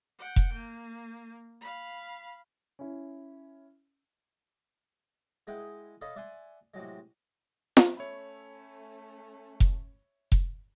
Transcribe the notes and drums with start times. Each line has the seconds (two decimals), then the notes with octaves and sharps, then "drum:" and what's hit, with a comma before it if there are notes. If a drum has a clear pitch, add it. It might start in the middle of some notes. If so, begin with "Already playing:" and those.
0.18 F#5 G5
0.36 drum: kick F1
0.53 A#3
1.61 F5 B5
2.79 C#4 E4
5.47 G#3 E4 G#4 B4 F#5 G5
6.01 A4 C#5 D#5 F5 B5
6.16 D5 E5 F#5 G#5 C6
6.74 A2 C3 F#3 G#3
7.77 drum: snare F4
7.97 A3 C#4 C#5 E5 B5
9.60 drum: kick F1
10.32 drum: kick F1